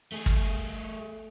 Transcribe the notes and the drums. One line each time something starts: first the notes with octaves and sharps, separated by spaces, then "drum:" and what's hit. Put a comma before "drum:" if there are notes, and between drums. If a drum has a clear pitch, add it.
A3 G#4
drum: kick